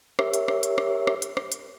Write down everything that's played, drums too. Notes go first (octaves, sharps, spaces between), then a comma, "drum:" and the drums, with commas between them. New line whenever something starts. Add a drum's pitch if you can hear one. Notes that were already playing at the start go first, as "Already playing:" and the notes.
G4 A#4 C#5 E5, drum: rim click
drum: hi-hat
drum: rim click
drum: hi-hat
drum: rim click
drum: rim click
drum: hi-hat
drum: rim click
drum: hi-hat